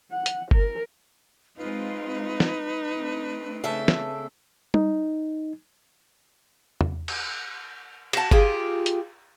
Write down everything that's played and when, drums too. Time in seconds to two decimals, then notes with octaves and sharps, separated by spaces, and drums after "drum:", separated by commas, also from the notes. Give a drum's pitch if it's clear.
0.11 F#5
0.26 drum: hi-hat
0.51 A#4, drum: kick G1
1.58 G#3 C4 D#4 F4 B4
2.40 drum: snare
2.94 A3 C4 D4
3.64 C#3 A4 E5
3.88 drum: snare
4.74 D#4, drum: tom
6.81 drum: tom E2
7.08 drum: cymbal
8.13 F#4 A5, drum: cymbal
8.31 F4 G4 G#4, drum: kick G1
8.86 drum: hi-hat